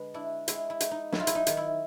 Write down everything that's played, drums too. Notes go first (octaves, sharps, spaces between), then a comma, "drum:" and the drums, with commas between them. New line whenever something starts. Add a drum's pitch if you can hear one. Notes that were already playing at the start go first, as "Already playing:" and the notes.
Already playing: D3 G#3 B4
D4 E4
G#3 E4, drum: hi-hat
E4
D#4, drum: hi-hat
D#4
F#3 E4, drum: snare
F4
E4, drum: hi-hat
D#4
D#3, drum: hi-hat
E4